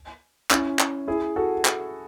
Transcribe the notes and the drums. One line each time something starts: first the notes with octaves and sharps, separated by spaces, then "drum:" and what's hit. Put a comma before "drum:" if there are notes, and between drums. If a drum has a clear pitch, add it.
C#4 E4, drum: clap
drum: clap
E4 G#4
F#4 A4
drum: clap